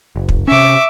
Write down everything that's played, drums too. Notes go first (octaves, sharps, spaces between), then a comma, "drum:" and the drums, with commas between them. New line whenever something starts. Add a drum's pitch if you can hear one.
F#1
drum: kick
C3 C#4 E5 C#6 D6